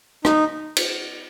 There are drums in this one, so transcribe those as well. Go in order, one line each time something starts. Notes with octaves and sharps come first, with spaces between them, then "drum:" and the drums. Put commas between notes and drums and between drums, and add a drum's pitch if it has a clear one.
D#4, drum: rim click
drum: cymbal